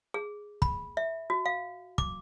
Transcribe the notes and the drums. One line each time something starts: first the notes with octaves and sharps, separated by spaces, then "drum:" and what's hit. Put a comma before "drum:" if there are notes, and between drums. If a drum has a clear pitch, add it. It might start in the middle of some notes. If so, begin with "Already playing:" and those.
G#4
B5, drum: kick
E5
F#4
F5
D6, drum: kick